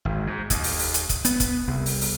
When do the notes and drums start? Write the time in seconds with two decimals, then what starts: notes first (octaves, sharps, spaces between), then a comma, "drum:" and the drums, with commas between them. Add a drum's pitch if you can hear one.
0.05 G#1
0.27 G#2
0.50 D#2, drum: kick F1, hi-hat
0.64 drum: open hi-hat
0.79 drum: open hi-hat
0.94 drum: hi-hat
1.09 drum: kick F1, hi-hat
1.25 B3, drum: hi-hat
1.40 drum: kick F1, hi-hat
1.67 C2
1.86 drum: open hi-hat
2.01 drum: open hi-hat